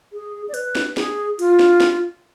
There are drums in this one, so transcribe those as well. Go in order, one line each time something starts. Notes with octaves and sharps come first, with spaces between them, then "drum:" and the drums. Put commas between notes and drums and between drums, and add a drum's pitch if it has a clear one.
G#4
D5
B4, drum: hi-hat
drum: snare
G#4, drum: snare
F4, drum: hi-hat
drum: snare
drum: snare